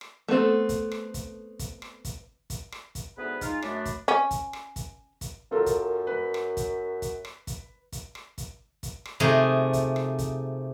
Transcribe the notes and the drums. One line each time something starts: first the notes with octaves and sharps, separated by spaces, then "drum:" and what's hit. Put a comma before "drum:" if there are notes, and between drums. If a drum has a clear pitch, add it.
drum: rim click
A3 B3 C4 A4
drum: kick, hi-hat
drum: rim click
drum: kick, hi-hat
drum: kick, hi-hat
drum: rim click
drum: kick, hi-hat
drum: kick, hi-hat
drum: rim click
drum: kick, hi-hat
D2 G#2 B3 G#4 B4
G#3 D#4 F4, drum: kick, hi-hat
F#2 A3 B3 D4, drum: rim click
drum: kick, hi-hat
C#4
drum: kick, hi-hat
drum: rim click
drum: kick, hi-hat
drum: kick, hi-hat
F#2 F4 A4 A#4
drum: kick, hi-hat
B4
drum: rim click
drum: kick, hi-hat
drum: kick, hi-hat
drum: rim click
drum: kick, hi-hat
drum: kick, hi-hat
drum: rim click
drum: kick, hi-hat
drum: kick, hi-hat
drum: rim click
C3 F3 A3 D#4 G#4 A#5
drum: kick, hi-hat
drum: rim click
drum: kick, hi-hat